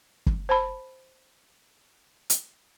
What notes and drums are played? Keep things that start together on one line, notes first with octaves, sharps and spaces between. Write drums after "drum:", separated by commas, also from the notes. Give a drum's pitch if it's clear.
drum: kick
C5 A5 B5
drum: hi-hat